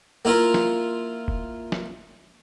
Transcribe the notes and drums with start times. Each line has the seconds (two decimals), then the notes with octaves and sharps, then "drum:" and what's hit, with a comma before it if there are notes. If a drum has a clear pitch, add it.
0.25 A#3 E4 F4 A#4
0.54 drum: snare
1.28 drum: kick E1
1.72 drum: snare